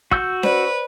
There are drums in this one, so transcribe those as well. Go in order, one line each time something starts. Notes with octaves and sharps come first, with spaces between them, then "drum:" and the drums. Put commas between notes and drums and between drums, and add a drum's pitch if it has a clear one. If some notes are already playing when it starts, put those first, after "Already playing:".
F#4 E6 G6, drum: kick
B4 C5 D5, drum: snare C#4